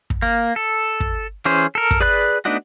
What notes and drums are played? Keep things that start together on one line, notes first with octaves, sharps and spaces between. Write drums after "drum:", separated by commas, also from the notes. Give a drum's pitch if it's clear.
drum: kick
A#3
A4
drum: kick
E3 C#4 G#4 C5
A4 A#4
drum: kick
G#4 B4 D5 B5 F#6
A3 B3 D4 D#4 F#4